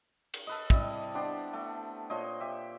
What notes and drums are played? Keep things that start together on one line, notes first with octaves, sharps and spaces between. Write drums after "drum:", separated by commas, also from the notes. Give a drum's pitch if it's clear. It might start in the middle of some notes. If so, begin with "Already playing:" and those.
drum: cymbal
A4 B4 D#5
C3 G3 E4 D#5, drum: kick
B3 D4 G4 C5
A3
A#2 C5 C#5 D#5
G4 E5